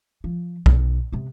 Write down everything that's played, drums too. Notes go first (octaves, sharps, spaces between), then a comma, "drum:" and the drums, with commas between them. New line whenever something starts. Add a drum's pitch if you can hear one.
F3
B1, drum: kick
C3 B3